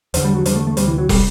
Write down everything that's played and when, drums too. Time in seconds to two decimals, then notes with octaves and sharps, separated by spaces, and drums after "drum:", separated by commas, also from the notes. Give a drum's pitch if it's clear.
0.14 E2 D3, drum: hi-hat
0.25 G3
0.35 F#3
0.46 E2 D3 G3, drum: hi-hat
0.56 A3
0.67 A3
0.77 D2 C3 G3, drum: hi-hat
0.87 E3
0.98 F#3
1.09 C3 G3, drum: kick, open hi-hat